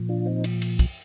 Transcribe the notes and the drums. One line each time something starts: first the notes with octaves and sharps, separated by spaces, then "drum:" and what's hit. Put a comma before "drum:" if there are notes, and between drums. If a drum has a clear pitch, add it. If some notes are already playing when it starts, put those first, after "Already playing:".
Already playing: A#2 F3
D4 F4
C4 D#4
drum: cymbal
drum: cymbal
drum: kick, cymbal